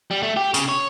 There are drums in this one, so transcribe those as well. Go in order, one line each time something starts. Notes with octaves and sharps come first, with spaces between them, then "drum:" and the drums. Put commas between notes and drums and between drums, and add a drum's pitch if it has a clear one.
G3
A3
G4
C#3, drum: hi-hat
C#5